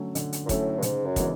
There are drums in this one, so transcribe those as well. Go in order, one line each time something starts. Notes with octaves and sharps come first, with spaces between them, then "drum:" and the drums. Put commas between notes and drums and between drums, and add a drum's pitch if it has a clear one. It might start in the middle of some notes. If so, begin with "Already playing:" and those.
Already playing: D3 F#3 A3 C#4
D3, drum: hi-hat
drum: hi-hat
A#2
A2 F#3 A3 C#4, drum: kick, hi-hat
G2
G#2 C#3, drum: hi-hat
F#2
E3 G#3 B3 D4, drum: kick, hi-hat